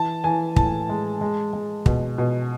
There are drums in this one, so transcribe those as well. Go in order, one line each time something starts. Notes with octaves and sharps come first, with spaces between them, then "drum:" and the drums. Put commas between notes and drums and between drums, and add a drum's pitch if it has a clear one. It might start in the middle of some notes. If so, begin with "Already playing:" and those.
Already playing: E3 A5
E3 G#5
A2 A5, drum: kick
G#3
G#3
G#3
B2, drum: kick
B2